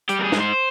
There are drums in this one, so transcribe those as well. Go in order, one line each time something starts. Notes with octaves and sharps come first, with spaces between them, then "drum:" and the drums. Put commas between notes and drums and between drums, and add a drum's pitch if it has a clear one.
G3 G4, drum: hi-hat
A#4
G#4
G#2, drum: snare
C5